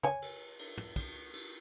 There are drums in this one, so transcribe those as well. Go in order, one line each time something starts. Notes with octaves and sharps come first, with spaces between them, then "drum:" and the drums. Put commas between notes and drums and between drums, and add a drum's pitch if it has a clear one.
C#5 G#5, drum: tom
drum: cymbal
drum: cymbal
drum: tom
drum: kick, cymbal
drum: cymbal